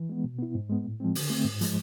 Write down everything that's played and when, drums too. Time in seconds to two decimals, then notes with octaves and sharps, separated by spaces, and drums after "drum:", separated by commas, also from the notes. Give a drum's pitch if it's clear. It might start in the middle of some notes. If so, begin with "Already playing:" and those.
Already playing: E3
0.09 G#3 B3
0.24 B2
0.39 B3 E4
0.55 G#2
0.70 G#3 B3
0.84 A2
1.00 F3 G#3 C4
1.15 D3, drum: open hi-hat
1.30 A3 C4
1.45 G#2
1.61 F3 G#3, drum: hi-hat